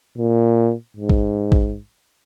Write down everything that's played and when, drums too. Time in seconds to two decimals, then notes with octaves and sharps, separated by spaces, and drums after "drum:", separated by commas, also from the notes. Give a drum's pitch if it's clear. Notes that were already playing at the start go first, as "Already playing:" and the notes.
0.18 A#2
0.97 G#2
1.09 drum: kick A1
1.52 drum: kick A1